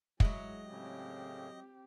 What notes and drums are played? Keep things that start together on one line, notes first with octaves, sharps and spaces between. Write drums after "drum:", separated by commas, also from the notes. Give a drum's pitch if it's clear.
F#3 G#3 E4 G#4 D#5, drum: kick
A2 C#3 C4 G4